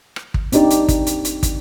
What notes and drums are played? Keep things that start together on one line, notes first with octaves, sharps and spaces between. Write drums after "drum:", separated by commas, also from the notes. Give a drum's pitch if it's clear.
drum: rim click
drum: kick
C4 D4 D#4 G4 D5, drum: hi-hat
drum: hi-hat
drum: kick, hi-hat
drum: hi-hat
drum: hi-hat
drum: kick, hi-hat